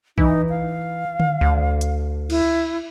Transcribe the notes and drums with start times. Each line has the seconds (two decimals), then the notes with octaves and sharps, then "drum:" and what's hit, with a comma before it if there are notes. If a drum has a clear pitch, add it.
0.18 E3 D#4, drum: kick
0.49 F5
1.20 drum: tom D3
1.41 D2
1.81 drum: hi-hat
2.30 E4, drum: cymbal